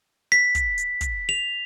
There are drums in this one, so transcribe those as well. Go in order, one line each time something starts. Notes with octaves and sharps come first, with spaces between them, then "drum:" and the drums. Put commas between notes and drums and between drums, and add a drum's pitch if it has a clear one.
B6
drum: kick, hi-hat
drum: hi-hat
drum: kick, hi-hat
F7